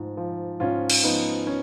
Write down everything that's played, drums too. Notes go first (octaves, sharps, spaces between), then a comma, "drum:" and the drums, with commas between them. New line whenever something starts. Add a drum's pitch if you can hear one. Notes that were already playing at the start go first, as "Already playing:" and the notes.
Already playing: G#2 F3
F3
G#2 C#4 F4
drum: cymbal
F3 B3 D#4
C#4